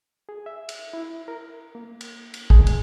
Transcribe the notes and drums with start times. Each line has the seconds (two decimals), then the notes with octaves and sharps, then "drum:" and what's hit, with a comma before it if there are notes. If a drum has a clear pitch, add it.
0.29 G#4
0.46 E5
0.69 drum: cymbal
0.93 E4
1.28 A#4
1.75 A#3
2.01 drum: cymbal
2.34 drum: cymbal
2.50 G#4, drum: kick
2.67 drum: cymbal